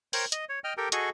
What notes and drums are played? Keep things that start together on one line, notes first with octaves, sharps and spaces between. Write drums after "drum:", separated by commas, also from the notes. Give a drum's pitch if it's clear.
A#4 C5 C#5 G5, drum: open hi-hat
D#5, drum: hi-hat
C#5
D#5 G5 F6
G4 A4 A#4 G5
F#4 G#4 A4 D#5 C#6, drum: hi-hat